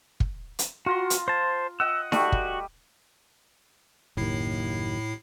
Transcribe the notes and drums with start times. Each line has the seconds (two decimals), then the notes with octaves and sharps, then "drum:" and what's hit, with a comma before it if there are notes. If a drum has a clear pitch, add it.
0.20 drum: kick
0.59 drum: hi-hat
0.86 F4 F#4 A#5 C6
1.10 drum: hi-hat
1.28 C5 A5
1.80 D#5 F#5 E6
2.12 G3 A3 F#4 G4, drum: snare D#4
2.32 drum: kick
4.17 F#1 D#2 A2 E4 C7